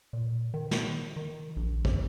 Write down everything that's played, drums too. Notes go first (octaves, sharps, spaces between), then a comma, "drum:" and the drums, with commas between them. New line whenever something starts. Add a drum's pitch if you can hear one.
A#2
D#3
D#3, drum: snare
D#3
A#1
F#2, drum: kick